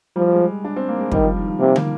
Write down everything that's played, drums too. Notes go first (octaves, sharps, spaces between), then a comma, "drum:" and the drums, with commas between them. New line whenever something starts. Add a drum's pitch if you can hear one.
F3 G3
G#3
D4
C4
A#3
G#3
D#3 G3, drum: kick
F3
D#3
F3
C3 A#3
A#3, drum: tom